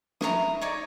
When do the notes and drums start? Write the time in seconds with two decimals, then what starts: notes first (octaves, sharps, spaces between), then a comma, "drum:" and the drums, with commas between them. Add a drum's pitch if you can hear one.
0.21 E4 A#5 C#6 D#6, drum: snare
0.61 D#4 C#5 D5